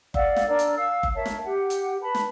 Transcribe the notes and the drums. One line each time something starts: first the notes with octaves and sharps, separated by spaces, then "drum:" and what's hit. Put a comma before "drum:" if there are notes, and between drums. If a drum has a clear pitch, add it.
D5 F5 F#5 E6, drum: kick F#1
drum: snare
D4 A#4 D5 E6
drum: hi-hat
F5 E6
drum: kick F#1
A#4 C#5 E5 A5
drum: snare
G4 F#5
drum: hi-hat
B4 A5 B5
drum: snare